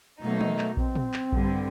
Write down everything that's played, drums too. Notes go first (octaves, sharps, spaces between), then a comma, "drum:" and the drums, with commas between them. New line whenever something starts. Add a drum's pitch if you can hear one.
B2 F#3 A3 A#3 D#4
drum: tom
drum: clap
C4, drum: kick A#1
drum: tom
drum: clap
G2 D3 G3, drum: kick A#1